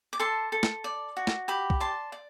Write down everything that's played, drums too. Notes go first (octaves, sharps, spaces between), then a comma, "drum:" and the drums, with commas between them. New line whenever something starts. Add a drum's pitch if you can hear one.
D6
A4 A5 C6
A4
drum: snare
D5
F#4
drum: snare
G4 B5 D6
drum: kick
D5 A5 C6
D5